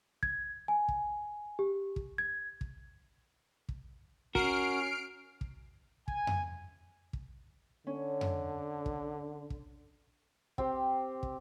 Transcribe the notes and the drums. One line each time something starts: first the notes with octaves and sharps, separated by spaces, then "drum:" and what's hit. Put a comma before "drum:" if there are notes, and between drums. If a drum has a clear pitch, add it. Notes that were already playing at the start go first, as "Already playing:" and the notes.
G#6, drum: kick
G#5
drum: kick
G4
drum: kick
G#6
drum: kick
drum: kick
C#4 F#4 A#4 F6 C7 D7, drum: kick
drum: kick
G#5, drum: kick
drum: tom F2
drum: kick
D3 C#4
drum: tom F2
drum: kick
drum: kick
C4 G4, drum: kick
drum: kick